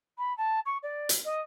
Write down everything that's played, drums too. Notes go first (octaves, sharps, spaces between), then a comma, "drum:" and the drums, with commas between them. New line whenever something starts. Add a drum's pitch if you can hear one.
B5
A5
C#6
D5
drum: hi-hat
D#5